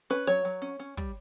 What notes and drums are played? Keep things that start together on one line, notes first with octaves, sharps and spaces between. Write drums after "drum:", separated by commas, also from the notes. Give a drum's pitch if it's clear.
C#4 B4
F#3 C#5
F#3
C#4
C#4
G3, drum: kick, hi-hat